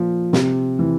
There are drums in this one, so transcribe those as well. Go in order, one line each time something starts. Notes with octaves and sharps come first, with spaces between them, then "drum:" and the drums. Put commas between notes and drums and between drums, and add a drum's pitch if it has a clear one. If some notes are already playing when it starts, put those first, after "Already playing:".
Already playing: A#2 F3
C3, drum: snare
E3